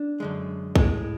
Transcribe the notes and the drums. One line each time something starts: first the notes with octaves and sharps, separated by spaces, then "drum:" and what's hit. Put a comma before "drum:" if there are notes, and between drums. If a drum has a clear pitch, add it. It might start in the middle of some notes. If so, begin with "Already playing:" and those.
Already playing: D4
F#2 D3 G#3
A2 G#3, drum: kick B1